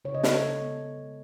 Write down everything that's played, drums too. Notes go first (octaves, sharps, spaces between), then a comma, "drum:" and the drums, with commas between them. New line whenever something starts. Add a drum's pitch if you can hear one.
C#3 C#5
D#5
G#3 A4 C#5, drum: snare
C#3
B3
C#3
G#3